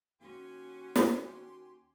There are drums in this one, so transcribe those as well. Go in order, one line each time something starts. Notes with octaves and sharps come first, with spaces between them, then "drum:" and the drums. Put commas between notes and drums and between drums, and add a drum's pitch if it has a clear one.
D#2 C#4 F#4 G4 G#5 C6
drum: snare